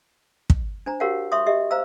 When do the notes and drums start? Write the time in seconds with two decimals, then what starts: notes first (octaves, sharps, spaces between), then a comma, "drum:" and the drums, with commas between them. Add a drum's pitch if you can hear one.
0.50 drum: kick
0.86 D4 C5 A#5
1.00 F#4 G4 A#4 C#5 F5 F#5
1.32 C#5 E5 C6 C#6 D#6
1.46 G4 D#5 E5
1.71 C5 F5 A#5 E6